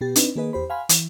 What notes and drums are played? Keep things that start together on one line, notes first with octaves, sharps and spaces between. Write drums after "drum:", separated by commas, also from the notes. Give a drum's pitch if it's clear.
B2 B3 G4 A6
C4 D4 D#4 B4, drum: hi-hat
D#3 A#3 G#4 B4 D#5
E2 G4 C5 B5
F5 F#5 G#5 B5 C6 F6
E3, drum: hi-hat